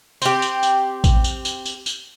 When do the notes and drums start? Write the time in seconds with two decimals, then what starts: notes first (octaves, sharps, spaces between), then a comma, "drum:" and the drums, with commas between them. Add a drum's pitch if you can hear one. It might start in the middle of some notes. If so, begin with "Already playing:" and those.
0.22 C4 G4, drum: tambourine
0.42 drum: tambourine
0.63 drum: tambourine
1.04 drum: kick A1, tambourine
1.24 drum: tambourine
1.45 drum: tambourine
1.65 drum: tambourine
1.86 drum: tambourine